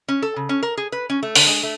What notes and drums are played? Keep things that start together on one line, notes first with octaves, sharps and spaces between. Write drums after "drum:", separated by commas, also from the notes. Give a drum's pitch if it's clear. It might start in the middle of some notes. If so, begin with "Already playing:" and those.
C#4
A4
C#3
C#4
A#4
G#4
B4
C#4
A3
D3, drum: open hi-hat
G#3
A3